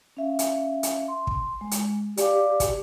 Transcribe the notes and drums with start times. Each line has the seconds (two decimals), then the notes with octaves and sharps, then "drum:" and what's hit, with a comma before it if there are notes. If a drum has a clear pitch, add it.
0.17 C#4 E5 F5
0.39 drum: hi-hat
0.83 drum: hi-hat
1.08 C6
1.27 drum: kick
1.61 G#3
1.71 drum: hi-hat
2.17 G4 D5 F5, drum: hi-hat
2.60 drum: kick, hi-hat